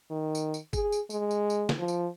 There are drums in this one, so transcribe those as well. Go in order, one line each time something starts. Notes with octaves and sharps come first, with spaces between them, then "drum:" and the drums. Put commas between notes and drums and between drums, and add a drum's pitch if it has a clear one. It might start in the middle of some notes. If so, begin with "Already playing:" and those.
D#3
drum: tambourine
drum: tambourine
G#4, drum: kick, tambourine
drum: tambourine
G#3, drum: tambourine
drum: tambourine
drum: tambourine
drum: snare
F3
drum: tambourine